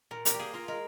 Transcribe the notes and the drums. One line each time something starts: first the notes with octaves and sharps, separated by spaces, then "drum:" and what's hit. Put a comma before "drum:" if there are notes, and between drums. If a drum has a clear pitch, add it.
A#2 A#4
G3 A#4, drum: hi-hat
G4
A#3 G#4
F4 A#4
G#3 A#4